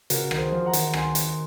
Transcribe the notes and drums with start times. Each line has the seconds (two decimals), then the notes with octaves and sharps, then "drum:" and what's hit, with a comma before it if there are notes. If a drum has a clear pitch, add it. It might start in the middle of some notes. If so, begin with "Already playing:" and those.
0.10 C#3 F#4 A#4, drum: hi-hat
0.31 D#3, drum: rim click
0.38 G#4 C5
0.52 F3
0.66 F#5 A#5
0.73 D#3, drum: hi-hat
0.93 G#5 C6, drum: rim click
1.15 drum: hi-hat